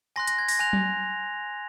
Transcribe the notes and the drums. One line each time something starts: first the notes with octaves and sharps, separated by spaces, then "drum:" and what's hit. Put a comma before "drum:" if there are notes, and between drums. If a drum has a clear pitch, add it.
G#5 C6 F#6 A#6
A#6, drum: hi-hat
G#6
A#6, drum: open hi-hat
G#5 C6 F#6 F7
drum: tom F#3